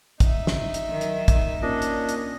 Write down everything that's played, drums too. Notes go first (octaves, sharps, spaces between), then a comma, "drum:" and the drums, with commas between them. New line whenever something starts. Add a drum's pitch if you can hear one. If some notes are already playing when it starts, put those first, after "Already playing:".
D#4 E5, drum: kick, hi-hat
drum: snare
drum: hi-hat
D#3 F#3
drum: hi-hat
drum: kick, hi-hat
A#2 C#4 D4 D#5
drum: hi-hat
drum: hi-hat